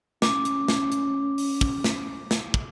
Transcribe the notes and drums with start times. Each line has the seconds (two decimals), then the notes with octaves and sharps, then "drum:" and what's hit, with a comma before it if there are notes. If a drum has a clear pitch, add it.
0.22 C#4 D6, drum: snare
0.45 drum: hi-hat
0.68 drum: snare
0.92 drum: hi-hat
1.38 drum: open hi-hat
1.61 drum: kick
1.84 drum: snare
2.31 drum: snare
2.54 drum: kick